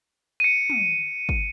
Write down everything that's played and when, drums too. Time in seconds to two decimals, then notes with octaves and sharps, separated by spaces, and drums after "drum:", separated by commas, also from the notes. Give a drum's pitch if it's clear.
0.40 C#7 D#7
0.70 drum: tom
1.29 drum: kick